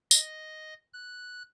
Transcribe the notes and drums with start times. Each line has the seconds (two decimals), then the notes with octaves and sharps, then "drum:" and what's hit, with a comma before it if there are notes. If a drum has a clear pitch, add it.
0.11 D#5, drum: tambourine
0.93 F#6